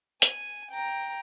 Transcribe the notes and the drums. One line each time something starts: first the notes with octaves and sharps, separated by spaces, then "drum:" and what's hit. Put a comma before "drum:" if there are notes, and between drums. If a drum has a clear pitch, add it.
G#5, drum: hi-hat
G5 A#5